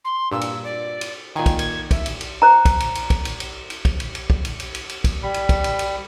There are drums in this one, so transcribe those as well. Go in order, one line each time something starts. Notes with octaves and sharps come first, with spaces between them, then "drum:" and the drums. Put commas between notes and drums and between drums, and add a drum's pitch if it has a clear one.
C6
G2 A#2 E6
drum: cymbal
D5
drum: cymbal
A#2 D#3 G#5
drum: kick, cymbal
G#6, drum: cymbal
E5, drum: kick, cymbal
drum: cymbal
drum: cymbal
C5 A#5
drum: kick, cymbal
drum: cymbal
drum: cymbal
drum: kick, cymbal
drum: cymbal
drum: cymbal
drum: cymbal
drum: kick, cymbal
drum: cymbal
drum: cymbal
drum: kick
drum: cymbal
drum: cymbal
drum: cymbal
drum: cymbal
drum: kick, cymbal
G3 B5
drum: cymbal
drum: kick, cymbal
drum: cymbal
drum: cymbal